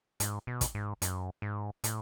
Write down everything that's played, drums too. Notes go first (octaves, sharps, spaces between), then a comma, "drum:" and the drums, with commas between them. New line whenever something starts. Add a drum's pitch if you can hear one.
G#2, drum: hi-hat
B2
drum: kick, hi-hat
G#2
F#2, drum: hi-hat
G#2
A2, drum: hi-hat